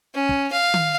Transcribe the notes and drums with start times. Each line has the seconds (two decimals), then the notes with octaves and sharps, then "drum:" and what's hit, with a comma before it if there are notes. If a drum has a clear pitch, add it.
0.14 C#4
0.29 drum: kick
0.52 F5
0.74 drum: tom D#3